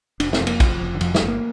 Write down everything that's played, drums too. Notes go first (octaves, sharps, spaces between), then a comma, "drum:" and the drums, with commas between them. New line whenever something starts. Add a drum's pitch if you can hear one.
F1 D4, drum: cymbal
C4, drum: snare
F2
A#3, drum: cymbal
F1 F3, drum: kick A#1, cymbal
F1
D3
F2 F3, drum: cymbal
G3, drum: snare
G1
A#3